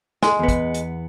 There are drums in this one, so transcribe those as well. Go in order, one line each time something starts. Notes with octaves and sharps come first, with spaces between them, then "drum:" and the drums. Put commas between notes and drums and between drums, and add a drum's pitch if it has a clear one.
G#3, drum: snare
E2 B3
drum: kick, hi-hat
drum: hi-hat